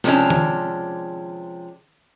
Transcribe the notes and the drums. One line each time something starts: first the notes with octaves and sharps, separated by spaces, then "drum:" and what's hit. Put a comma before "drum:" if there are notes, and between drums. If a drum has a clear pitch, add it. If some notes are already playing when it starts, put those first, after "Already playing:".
C3 F3 G#3 C#4 D4, drum: snare
drum: tom D#3